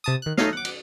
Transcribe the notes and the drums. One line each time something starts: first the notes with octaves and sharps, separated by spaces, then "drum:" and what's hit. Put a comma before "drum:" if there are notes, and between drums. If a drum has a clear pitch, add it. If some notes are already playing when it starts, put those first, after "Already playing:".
C3 A5 D#6
D#3 F#6
A3 D#4 A4 C#5 D#5 F5, drum: snare
F#5 D6
drum: cymbal